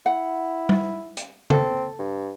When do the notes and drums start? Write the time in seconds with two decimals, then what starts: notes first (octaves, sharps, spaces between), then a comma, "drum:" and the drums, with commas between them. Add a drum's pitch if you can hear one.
0.06 E4 F#5
0.69 drum: tom
1.17 drum: hi-hat
1.50 C4 A4, drum: tom C#3
1.99 G2